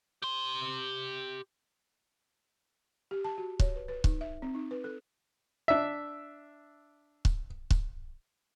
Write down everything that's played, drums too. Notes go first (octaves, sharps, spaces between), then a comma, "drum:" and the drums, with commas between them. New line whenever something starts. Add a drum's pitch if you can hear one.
G4 C6
G4
A5
F#4
C#5, drum: kick C#1
B4
B4
D#4, drum: kick C#1
E5
C4
D#4
B4
A4
D4 E5
drum: kick C#1
drum: kick C#1